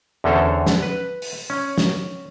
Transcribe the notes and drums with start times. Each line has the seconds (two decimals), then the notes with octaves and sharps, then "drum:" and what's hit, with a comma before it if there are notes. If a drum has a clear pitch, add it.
0.24 E2 D3 C#4 A4 C5 A#5
0.67 drum: snare
0.82 B4
1.22 drum: open hi-hat
1.50 C#4
1.78 drum: snare